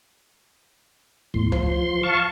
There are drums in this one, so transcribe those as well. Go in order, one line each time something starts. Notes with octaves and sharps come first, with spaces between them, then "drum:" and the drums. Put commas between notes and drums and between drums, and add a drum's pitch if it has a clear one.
E2 A2 C6, drum: kick
F3 C6, drum: tom C#2
F5 A5 C#6